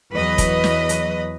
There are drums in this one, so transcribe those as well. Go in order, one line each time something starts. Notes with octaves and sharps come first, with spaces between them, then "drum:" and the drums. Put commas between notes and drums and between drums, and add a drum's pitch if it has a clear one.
E2 F#3 B4 D#5
drum: kick, hi-hat
drum: snare
drum: hi-hat